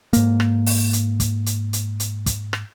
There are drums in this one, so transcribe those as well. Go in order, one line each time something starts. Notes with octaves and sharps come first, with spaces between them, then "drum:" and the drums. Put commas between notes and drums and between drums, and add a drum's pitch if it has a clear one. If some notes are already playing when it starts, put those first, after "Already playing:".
G#2 A#3, drum: hi-hat
drum: rim click
drum: open hi-hat
drum: hi-hat
drum: kick, hi-hat
drum: hi-hat
drum: hi-hat
drum: hi-hat
drum: kick, hi-hat
drum: rim click